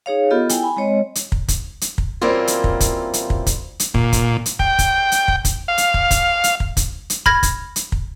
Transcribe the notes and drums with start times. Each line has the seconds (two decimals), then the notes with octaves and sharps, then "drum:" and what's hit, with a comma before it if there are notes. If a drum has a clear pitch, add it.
0.06 D#4 G#4 C#5 F5
0.30 B3 F4 G4 A4 D#5
0.49 E4 G5 G#5, drum: hi-hat
0.62 G#5 B5
0.77 G#3 C4 C#5 D#5
1.15 drum: hi-hat
1.32 drum: kick
1.48 drum: kick, hi-hat
1.81 drum: hi-hat
1.98 drum: kick
2.21 F#2 E3 G3 A#3 C4 F4
2.47 drum: hi-hat
2.64 drum: kick
2.80 drum: kick, hi-hat
3.14 drum: hi-hat
3.30 drum: kick
3.47 drum: kick, hi-hat
3.80 drum: hi-hat
3.94 A#2, drum: kick
4.13 drum: kick, hi-hat
4.46 drum: hi-hat
4.59 G5, drum: kick
4.79 drum: kick, hi-hat
5.12 drum: hi-hat
5.28 drum: kick
5.45 drum: kick, hi-hat
5.68 F5
5.78 drum: hi-hat
5.94 drum: kick
6.11 drum: kick, hi-hat
6.44 drum: hi-hat
6.60 drum: kick
6.77 drum: kick, hi-hat
7.10 drum: hi-hat
7.26 B5 F6 G#6 A#6, drum: kick
7.43 drum: kick, hi-hat
7.76 drum: hi-hat
7.92 drum: kick